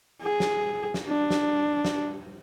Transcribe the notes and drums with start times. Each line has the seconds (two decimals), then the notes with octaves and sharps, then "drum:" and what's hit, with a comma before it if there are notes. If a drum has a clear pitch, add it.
0.22 G#4
0.40 drum: snare
0.94 drum: snare
1.08 D4
1.30 drum: snare
1.85 drum: snare